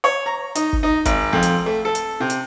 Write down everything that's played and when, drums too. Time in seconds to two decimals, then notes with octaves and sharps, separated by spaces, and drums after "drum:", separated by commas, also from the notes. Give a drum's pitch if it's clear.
0.04 C#5
0.26 A#5
0.55 D#4, drum: hi-hat
0.73 drum: kick G1
0.83 D#4
1.05 G#1, drum: kick G1, hi-hat
1.33 F2
1.43 drum: hi-hat
1.66 A3
1.85 A4
1.95 drum: hi-hat
2.20 C3
2.30 drum: hi-hat